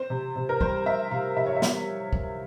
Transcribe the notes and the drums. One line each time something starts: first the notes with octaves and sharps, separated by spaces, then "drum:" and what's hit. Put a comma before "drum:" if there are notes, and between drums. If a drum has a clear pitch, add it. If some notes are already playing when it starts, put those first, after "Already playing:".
Already playing: C4 C5
C3
C3
A#4
G3 C5, drum: kick
C4 E5
C3 F5
C3 E5
C#5
E5
G3, drum: snare
drum: kick